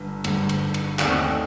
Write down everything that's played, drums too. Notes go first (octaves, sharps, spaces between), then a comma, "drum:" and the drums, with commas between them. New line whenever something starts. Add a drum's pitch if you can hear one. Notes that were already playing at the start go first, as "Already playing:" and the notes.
Already playing: G1 G2 D3
G1 G2 D3, drum: cymbal
drum: cymbal
drum: cymbal
D#2 D#3 A3 C4 D5 F#5, drum: clap
D#5 G5